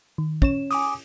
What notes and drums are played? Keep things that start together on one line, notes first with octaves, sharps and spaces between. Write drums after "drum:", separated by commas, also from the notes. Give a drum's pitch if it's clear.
D#3
C#4 C#5 E7, drum: kick
G#5 D6 D#6, drum: open hi-hat